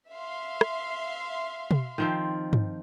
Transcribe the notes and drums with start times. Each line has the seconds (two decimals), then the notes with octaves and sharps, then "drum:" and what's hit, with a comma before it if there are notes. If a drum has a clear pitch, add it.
0.11 E5 F5 C6
0.61 drum: rim click
1.71 drum: tom B2
1.98 D#3 F3 C4
2.53 drum: tom